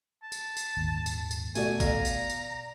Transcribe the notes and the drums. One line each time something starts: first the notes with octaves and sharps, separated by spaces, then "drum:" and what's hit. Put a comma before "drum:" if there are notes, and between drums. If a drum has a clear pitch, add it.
A5
drum: tambourine
drum: tambourine
D#1 G#1 D#2
drum: tambourine
drum: tambourine
B2 A3 F#4 D5 G#5, drum: tambourine
D5 F5 A#5, drum: kick G#1, tambourine
drum: tambourine
drum: tambourine